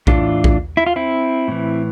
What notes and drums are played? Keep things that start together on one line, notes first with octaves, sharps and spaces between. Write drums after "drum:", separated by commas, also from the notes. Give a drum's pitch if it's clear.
A2 E3 D4 F4, drum: kick A#1
drum: kick A#1
E4
F4
C4 E4
A2 E3